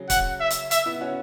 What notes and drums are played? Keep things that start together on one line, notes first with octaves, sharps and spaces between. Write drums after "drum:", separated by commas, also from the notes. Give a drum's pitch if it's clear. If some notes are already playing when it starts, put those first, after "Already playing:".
Already playing: C#3 F#3
F#5, drum: kick, hi-hat
E5
drum: hi-hat
E5, drum: hi-hat
B3 E4
C#4 F#4